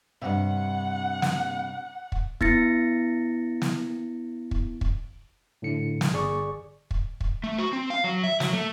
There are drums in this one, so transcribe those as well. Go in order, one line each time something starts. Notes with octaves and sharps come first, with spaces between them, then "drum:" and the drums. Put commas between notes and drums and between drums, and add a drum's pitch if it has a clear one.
G2 C3 F#5
drum: snare
drum: kick
B3 E4 A6 A#6 C#7, drum: kick
drum: snare
drum: kick
drum: kick
A2 D3 C#7
drum: snare
G1 G#4 D5 C#6
drum: kick
drum: kick
A3
F#4
C4
F5
F#3
E5
F#3, drum: snare
A3